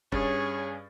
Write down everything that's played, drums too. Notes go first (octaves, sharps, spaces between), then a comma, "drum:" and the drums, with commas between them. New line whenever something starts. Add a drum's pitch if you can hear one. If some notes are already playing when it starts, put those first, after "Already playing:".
G2 C#4 G#4 C#5 A6, drum: kick